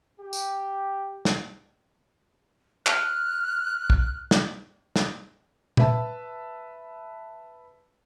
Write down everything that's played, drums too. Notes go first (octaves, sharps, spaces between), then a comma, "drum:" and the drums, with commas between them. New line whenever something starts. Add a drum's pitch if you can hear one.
G4
drum: tambourine
drum: snare
F6 F#6, drum: clap
drum: kick
drum: snare
drum: snare
B4 E5 A5, drum: tom A#2